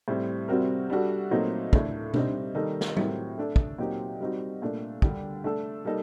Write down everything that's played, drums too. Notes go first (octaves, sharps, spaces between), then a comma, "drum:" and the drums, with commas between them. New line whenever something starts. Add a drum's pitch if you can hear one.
A2 G3 C4
C3 G3 C4 F#4 A#4
G3 D4 F#4 A4
A#2 F#3 A3 C4 D#4
A2 A3 D4, drum: kick
G3 C4 D#4, drum: tom
D#3 G3 A#3 D#4 A4
drum: snare
A2 F#3 C4 G4 A#4, drum: tom G3
A3 D4 A4
drum: kick
A#2 F#3 C4 D#4 G4
G3 C4 D#4 F#4
A#2 A3 D4
D3 G3 D4 G4, drum: kick
A3 D4 A4
G3 A#3 D#4 A4